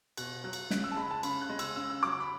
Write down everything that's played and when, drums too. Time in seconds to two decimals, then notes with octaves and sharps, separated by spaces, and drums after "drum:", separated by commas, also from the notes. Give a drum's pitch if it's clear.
0.17 B2 F#6, drum: cymbal
0.44 F#3 F#6
0.53 drum: cymbal
0.71 C#3 F#6, drum: snare
0.84 E6
0.91 A5
0.97 G#3 B5
1.11 A5
1.23 C#3 B5, drum: cymbal
1.41 F#6
1.49 G#3
1.59 E6, drum: cymbal
1.76 C#3 E6
1.90 E6
2.03 F#3 D6
2.20 B5